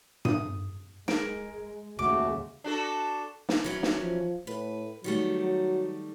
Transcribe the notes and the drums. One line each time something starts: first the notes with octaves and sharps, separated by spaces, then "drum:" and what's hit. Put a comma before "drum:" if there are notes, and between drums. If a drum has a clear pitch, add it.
D#6, drum: tom G2
G#3 A#4, drum: snare
D#2 C#3 G#3 A3 F#4 D6
D4 F#4 A4
drum: snare
E3 F#3 C#4
drum: snare
F3
A2 B4
D#3 F#3 G3 A3
F#3